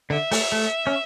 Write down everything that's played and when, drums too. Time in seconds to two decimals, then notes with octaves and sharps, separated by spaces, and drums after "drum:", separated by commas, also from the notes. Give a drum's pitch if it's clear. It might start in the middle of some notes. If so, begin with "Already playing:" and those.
0.10 D3 E5
0.32 A3, drum: open hi-hat
0.52 A3
0.87 C#4